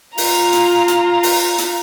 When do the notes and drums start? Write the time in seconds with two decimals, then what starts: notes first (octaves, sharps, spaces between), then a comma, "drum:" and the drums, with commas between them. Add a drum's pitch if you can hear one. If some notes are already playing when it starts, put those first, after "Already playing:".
0.18 F4 A#5, drum: open hi-hat
0.53 drum: hi-hat
0.88 drum: hi-hat
1.23 drum: open hi-hat
1.58 drum: hi-hat